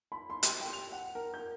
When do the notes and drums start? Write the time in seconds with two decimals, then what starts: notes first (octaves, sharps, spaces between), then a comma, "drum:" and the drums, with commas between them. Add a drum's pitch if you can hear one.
0.12 B5
0.30 C6
0.43 G4, drum: hi-hat
0.60 G5
0.73 F7
0.92 F#5
1.15 A#4
1.34 G6